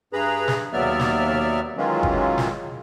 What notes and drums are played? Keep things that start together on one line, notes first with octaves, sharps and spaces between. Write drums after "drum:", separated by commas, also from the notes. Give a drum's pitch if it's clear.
G2 G#4 B4 A#5 B5
drum: snare
D#2 F#3 B3 D5 E5 F6
drum: snare
D#3 E3 F#3 G#3 C#4 F4
drum: kick G1
drum: snare